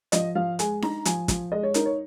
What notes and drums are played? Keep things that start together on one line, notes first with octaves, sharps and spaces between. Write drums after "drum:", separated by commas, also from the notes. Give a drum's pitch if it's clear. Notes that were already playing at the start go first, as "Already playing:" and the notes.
F3 D#5, drum: hi-hat
F3 F5
G#3 G#5, drum: hi-hat
D#4 A#5, drum: snare D4
F3 G#5, drum: hi-hat
F3, drum: kick, hi-hat
G#3 D#5
C#5
D#4 A#4, drum: hi-hat
C#5